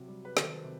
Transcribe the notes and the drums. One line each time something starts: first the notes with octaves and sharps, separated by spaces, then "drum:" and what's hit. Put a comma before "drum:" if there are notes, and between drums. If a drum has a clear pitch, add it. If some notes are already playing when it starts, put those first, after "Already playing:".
Already playing: C3 F#3
G3
B4
D#3 A4 C5, drum: snare
C3